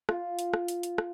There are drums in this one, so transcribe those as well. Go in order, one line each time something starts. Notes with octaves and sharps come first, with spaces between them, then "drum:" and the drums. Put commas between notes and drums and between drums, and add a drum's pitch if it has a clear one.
F4, drum: rim click
drum: hi-hat
drum: rim click
drum: hi-hat
drum: hi-hat
drum: rim click